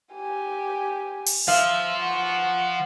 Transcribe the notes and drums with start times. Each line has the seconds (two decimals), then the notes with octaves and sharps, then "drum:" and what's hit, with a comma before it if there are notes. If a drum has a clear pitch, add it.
0.14 G4 G#5
1.26 drum: open hi-hat
1.48 F3 E5 F5
2.02 F#5 C#6